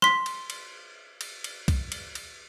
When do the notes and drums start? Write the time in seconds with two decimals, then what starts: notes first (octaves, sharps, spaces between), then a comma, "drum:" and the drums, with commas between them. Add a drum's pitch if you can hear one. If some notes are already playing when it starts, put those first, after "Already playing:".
0.02 C6 B6, drum: rim click
0.26 drum: cymbal
0.50 drum: cymbal
1.21 drum: cymbal
1.44 drum: cymbal
1.68 drum: kick B1, cymbal
1.92 drum: cymbal
2.15 drum: cymbal